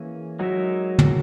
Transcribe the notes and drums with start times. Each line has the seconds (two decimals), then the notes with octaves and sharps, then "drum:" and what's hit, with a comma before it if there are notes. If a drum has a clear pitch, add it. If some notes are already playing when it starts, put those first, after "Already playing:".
Already playing: E3 A#3 C#4 G#4
0.39 F#3 G#3 D#4 A#4 E5
0.99 drum: tom